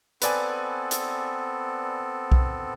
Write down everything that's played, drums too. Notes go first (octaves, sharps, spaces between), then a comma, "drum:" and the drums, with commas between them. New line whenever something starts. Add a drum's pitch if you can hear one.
B3 C4 A4 B4 D5 G#5, drum: hi-hat
drum: hi-hat
drum: kick B1